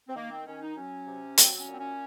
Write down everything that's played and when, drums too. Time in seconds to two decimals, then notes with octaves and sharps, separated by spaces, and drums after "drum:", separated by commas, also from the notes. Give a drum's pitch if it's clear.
0.08 C4
0.16 D#3 A#3
0.31 C4
0.46 D#3 C#4
0.61 D#4
0.77 F#3 C#4
1.07 C3
1.38 F#3 C4, drum: hi-hat
1.59 C#4
1.68 A#2 C4
1.78 C#4